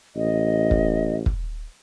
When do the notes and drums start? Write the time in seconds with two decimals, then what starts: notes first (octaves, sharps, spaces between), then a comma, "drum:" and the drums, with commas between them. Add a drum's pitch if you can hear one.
0.16 A1 D#5
0.71 drum: kick
1.26 drum: kick